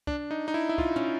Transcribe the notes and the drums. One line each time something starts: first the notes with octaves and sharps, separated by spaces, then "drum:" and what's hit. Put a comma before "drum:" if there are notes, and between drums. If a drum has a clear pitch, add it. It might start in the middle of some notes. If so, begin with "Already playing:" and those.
D4, drum: kick
D#4
D#4
E4
E4
F4, drum: kick
C#4, drum: tom